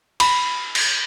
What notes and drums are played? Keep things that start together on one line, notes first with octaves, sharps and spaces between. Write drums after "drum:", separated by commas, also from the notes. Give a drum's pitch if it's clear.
B5, drum: cymbal
drum: cymbal